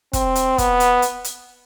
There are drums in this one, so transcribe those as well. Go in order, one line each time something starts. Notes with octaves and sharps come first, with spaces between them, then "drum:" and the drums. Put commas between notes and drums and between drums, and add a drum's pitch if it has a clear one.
C4, drum: kick, hi-hat
drum: hi-hat
B3, drum: kick, hi-hat
drum: hi-hat
drum: hi-hat
drum: hi-hat